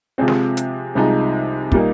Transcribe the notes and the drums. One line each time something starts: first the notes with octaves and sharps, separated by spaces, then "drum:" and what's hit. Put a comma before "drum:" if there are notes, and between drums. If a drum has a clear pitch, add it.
C3 F3 G#3 C4
drum: snare
drum: hi-hat
C2 C3 F3 G#3 D#4
A#2 G3 A#3 D#4, drum: kick